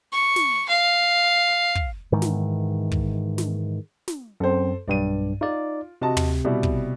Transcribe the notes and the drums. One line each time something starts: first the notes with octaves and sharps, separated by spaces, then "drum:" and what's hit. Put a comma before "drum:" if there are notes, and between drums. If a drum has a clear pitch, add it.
C#6
drum: snare
F5
drum: kick
G#2 D#3 E3
drum: snare
drum: kick
drum: snare
drum: snare
F#2 C4 A4 C5
B1 G2 D5 D#7
D#4 F4 D5
C3 F#4 D#5 A5
drum: tom
B2 G3 E4
drum: kick